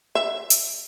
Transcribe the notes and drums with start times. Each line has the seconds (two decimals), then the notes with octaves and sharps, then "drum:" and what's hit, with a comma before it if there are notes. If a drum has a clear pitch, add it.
0.15 E5
0.50 drum: hi-hat